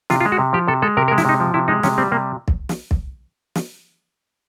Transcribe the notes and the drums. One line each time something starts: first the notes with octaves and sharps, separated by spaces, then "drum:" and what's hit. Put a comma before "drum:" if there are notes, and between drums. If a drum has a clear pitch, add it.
C3 F4, drum: snare
F4
G#3
F#4
C3
F3 G4
C3 A4
G#3 A4
C3 A#4
A#4
G#3
E4, drum: snare
C3 D#4
F3
C3 E4
G#3 D#4
C3 C#4, drum: snare
G3 C4
C3 A#3
drum: kick
drum: snare
drum: kick
drum: snare